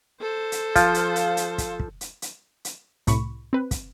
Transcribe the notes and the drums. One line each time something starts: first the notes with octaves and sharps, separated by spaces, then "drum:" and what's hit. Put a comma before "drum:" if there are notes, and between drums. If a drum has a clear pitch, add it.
A4 C5
drum: hi-hat
F3 F5, drum: kick, hi-hat
drum: hi-hat
drum: hi-hat
drum: hi-hat
drum: kick, hi-hat
drum: kick
drum: hi-hat
drum: hi-hat
drum: hi-hat
C2 A2 C3 B5 C#6, drum: hi-hat
C4 B4
drum: kick, hi-hat